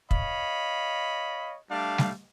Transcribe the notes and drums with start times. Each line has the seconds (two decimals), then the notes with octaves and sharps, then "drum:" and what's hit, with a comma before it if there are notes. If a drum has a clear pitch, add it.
0.11 C#5 D#5 F5 B5, drum: kick
1.70 G3 A3 D4 F5
1.98 drum: snare G3